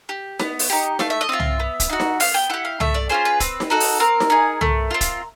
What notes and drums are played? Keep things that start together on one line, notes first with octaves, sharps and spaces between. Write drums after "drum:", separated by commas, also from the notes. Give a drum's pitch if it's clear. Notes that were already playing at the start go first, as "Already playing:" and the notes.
G4
B3, drum: snare D#4
drum: open hi-hat
D#4 G4
A3 F5, drum: snare D#4
E5
D#5
C4 F4 E5
drum: tom
B3
drum: kick, hi-hat
D#4 F#4
drum: snare D#4
B3 F5, drum: open hi-hat
G5
E4 G4 F#5
F5
A3 E5, drum: tom
D5
C#4 F4 G#4 C5
B4
C4, drum: kick, hi-hat
drum: snare D#4
D#4 F#4 A4
drum: open hi-hat
C4 A#4
drum: snare D#4
D#4 G#4
A3, drum: tom
C4 F4
drum: kick, hi-hat